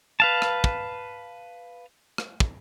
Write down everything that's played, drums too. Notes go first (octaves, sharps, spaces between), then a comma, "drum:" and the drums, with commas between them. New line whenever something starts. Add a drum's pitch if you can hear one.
B4 F5 A5
drum: rim click
drum: kick
drum: rim click
drum: kick